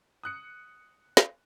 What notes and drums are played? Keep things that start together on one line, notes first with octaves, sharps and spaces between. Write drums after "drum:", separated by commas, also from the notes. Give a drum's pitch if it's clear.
D#6 F#6 C#7
drum: snare